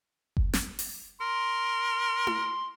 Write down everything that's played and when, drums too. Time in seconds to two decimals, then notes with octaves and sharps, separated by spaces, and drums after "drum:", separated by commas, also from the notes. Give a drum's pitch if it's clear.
0.37 drum: kick F#1
0.53 drum: snare
0.79 drum: open hi-hat
1.21 A#4 C6
2.27 drum: tom E4